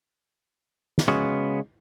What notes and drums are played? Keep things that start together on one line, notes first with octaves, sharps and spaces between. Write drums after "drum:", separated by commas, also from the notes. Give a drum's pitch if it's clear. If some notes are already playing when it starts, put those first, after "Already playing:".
drum: snare
C#3 G#3 B3 C#4 F#4